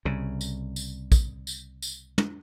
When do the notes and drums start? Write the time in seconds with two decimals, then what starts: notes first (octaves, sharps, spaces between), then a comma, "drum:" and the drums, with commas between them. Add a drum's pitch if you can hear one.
0.05 C2 C#3
0.41 drum: tambourine
0.76 drum: tambourine
1.12 drum: kick, tambourine
1.47 drum: tambourine
1.82 drum: tambourine
2.18 drum: tom